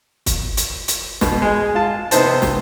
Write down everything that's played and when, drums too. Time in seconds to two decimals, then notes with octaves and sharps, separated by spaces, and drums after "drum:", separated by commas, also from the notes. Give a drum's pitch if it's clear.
0.26 drum: kick, hi-hat
0.57 drum: hi-hat
0.88 drum: hi-hat
1.21 B2, drum: snare
1.42 G#3
1.75 F4 A5
2.11 C3 B3 D#4 C5 A5, drum: hi-hat
2.42 drum: snare